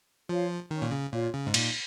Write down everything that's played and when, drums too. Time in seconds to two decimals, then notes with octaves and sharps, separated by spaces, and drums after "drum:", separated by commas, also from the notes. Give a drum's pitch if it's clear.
0.29 F3 F4 C#5 F5
0.71 D#3 C#4
0.82 A#2
0.91 C#3
1.12 A#2 F4 C#5 F5
1.34 C#3
1.47 G#2
1.54 A#2 D#4, drum: cymbal